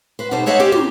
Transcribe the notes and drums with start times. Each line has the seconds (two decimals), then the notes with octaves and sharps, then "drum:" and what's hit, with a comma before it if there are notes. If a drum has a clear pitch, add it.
0.19 B4 C5
0.31 B2 D#4 G4 A4 C5
0.46 C5 C#5 D#5 E5 F#5 A5
0.59 C#4 G4 C5
0.72 G4, drum: tom